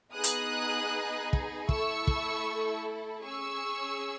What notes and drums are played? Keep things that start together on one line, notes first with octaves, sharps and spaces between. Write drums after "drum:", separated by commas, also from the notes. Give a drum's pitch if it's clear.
B3 D#4 G#4 D#6 F#6
drum: hi-hat
drum: kick
A3 E4 A4 C#6 E6, drum: kick
drum: kick
C#4 G#4 C#6 E6